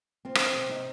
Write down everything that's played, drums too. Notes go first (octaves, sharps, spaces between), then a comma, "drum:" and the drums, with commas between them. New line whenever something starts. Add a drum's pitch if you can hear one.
F3 C4
drum: rim click
C3
D#4